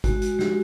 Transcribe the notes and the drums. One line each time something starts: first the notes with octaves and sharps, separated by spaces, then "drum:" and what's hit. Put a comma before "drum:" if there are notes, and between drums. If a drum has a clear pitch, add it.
G#3 F#4, drum: kick G#1, hi-hat
G#3 F#4, drum: hi-hat
G#3 G4, drum: snare